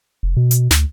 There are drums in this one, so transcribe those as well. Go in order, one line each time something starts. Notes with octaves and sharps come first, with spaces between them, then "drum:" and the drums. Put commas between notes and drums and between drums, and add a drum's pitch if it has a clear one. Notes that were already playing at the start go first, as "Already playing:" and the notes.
F1
B2
drum: hi-hat
D2, drum: snare